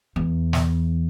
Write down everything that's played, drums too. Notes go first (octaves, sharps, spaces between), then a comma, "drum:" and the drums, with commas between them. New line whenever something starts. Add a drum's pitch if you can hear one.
E2
drum: snare